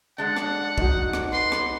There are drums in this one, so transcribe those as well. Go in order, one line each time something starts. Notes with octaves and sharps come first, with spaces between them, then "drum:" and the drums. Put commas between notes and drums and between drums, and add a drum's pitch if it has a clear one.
G#3 D4 F#5
drum: rim click
D#4 F#4, drum: kick
drum: rim click
B4 C6
drum: rim click